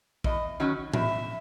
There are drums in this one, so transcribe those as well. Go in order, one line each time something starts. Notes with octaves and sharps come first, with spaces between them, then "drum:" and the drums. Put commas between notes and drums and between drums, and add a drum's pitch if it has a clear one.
E2 D#5, drum: kick A#1
D#3 F#3 C#4
E2 E5, drum: tom A2